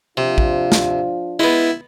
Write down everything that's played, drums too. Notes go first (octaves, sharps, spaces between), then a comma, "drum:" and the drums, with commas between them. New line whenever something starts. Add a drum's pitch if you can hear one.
C3 F3 D4 F4
drum: kick
drum: snare
G#3 B3 E4